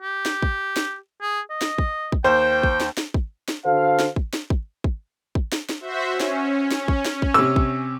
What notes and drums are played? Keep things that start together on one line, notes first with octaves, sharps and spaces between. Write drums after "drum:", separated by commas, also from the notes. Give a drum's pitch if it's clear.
G4
drum: snare
drum: kick
drum: snare
G#4
D#5
drum: snare
drum: kick
drum: kick
D#2 C5 G5
drum: kick
drum: snare
drum: snare
drum: kick
drum: snare
D3 F#4 A4 C5 F5
drum: snare
drum: kick
drum: snare
drum: kick
drum: kick
drum: kick
drum: snare
drum: snare
F#4 C5 E5
C#4
drum: snare
drum: snare
drum: kick
drum: snare
drum: kick
C3 E6
drum: kick